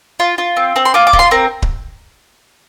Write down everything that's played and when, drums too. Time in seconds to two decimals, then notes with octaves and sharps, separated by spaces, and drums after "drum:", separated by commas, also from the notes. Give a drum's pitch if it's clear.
0.20 F4
0.38 F4
0.57 C4
0.76 C4
0.85 C6
0.94 F4 D6
1.07 D6
1.13 F4, drum: kick D1
1.19 C6
1.31 C4 A#4
1.62 drum: kick D1